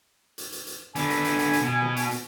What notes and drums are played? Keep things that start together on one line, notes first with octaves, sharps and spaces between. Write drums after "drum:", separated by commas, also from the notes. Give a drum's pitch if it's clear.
drum: hi-hat
drum: hi-hat
drum: hi-hat
D3 B3 G#5, drum: hi-hat
drum: hi-hat
drum: hi-hat
drum: hi-hat
drum: hi-hat
B2
drum: tom
drum: hi-hat
drum: hi-hat